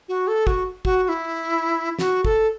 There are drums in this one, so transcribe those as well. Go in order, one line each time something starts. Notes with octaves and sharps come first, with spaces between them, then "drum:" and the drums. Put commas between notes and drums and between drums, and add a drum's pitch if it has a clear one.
F#4
A4
F#4, drum: kick
F#4, drum: kick
F#4
E4
F#4, drum: snare
A4, drum: kick